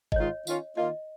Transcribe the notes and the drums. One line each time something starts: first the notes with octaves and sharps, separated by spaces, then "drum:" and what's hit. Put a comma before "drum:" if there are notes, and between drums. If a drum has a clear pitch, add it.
D#5, drum: kick G1
G#2 D#3 G#3 F4 C#5
D#3 C#4 F4, drum: tambourine
D#3 A#3 F4 D#5